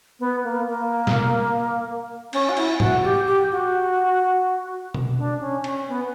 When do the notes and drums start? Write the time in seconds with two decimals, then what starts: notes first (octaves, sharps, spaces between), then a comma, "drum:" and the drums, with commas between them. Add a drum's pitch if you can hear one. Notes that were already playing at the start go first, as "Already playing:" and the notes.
0.20 B3
0.44 A#3
0.68 A#3
1.07 drum: snare
2.33 C#4, drum: cymbal
2.49 F#4
2.57 E4, drum: cymbal
2.80 F#4, drum: tom
3.04 G4
3.27 G4
3.52 F#4
4.94 drum: tom B2
5.18 D4
5.41 C#4
5.64 C#4, drum: cymbal
5.88 B3